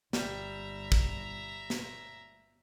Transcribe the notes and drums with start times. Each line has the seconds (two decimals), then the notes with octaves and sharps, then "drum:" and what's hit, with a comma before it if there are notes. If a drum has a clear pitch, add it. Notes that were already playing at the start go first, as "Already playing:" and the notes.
0.13 G1 G3 E5 A#5, drum: snare
0.92 drum: kick
1.70 drum: snare